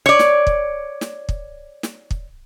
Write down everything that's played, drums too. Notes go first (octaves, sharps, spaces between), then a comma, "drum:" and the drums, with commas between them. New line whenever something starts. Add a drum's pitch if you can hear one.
C#5 D5
drum: snare
drum: kick
drum: snare
drum: kick
drum: snare
drum: kick